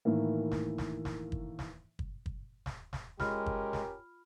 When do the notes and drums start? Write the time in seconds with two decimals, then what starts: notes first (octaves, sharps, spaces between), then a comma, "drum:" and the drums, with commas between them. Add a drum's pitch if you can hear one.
0.05 A2 D#3 E3 A#3
0.51 drum: snare
0.78 drum: snare
1.05 drum: snare
1.32 drum: kick
1.59 drum: snare
1.99 drum: kick
2.26 drum: kick
2.66 drum: snare
2.93 drum: snare
3.20 G#3 C#4 F4 G4 A#4 B5 F6, drum: snare
3.46 drum: kick
3.73 drum: snare